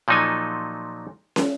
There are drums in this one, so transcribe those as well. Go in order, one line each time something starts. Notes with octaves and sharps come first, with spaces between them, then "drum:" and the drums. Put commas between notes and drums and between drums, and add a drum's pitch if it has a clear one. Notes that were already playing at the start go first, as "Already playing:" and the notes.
A#2 F3 F#3 D#4 A4 G#5
drum: snare